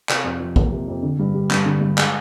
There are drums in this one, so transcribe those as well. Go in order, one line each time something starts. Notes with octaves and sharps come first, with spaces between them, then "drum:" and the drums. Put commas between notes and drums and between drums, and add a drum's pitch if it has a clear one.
C3, drum: clap
F2
F3
A#3, drum: kick A#1
C3
F2
D3
G2
G3
G2, drum: clap
D3
G2
G#3, drum: clap